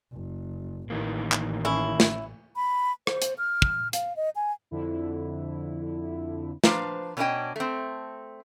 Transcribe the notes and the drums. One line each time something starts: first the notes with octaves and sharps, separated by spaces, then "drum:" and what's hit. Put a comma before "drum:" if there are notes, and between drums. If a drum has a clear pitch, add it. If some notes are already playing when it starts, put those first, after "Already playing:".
F#1
A1 D#3 E3 A#3
drum: clap
C#4 E4
drum: snare
B5
C5, drum: rim click
drum: hi-hat
F6
drum: kick
F5, drum: hi-hat
D#5
G#5
F2 D3 E4
F3 D4 B4 C5 F5 A#5, drum: snare
B2 C#4 D4 A4 D#5 G5
A3 C4